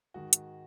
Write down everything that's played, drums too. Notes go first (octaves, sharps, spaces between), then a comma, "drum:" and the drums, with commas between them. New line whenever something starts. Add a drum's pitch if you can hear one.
G#2 D#3 G#3 F#4
drum: hi-hat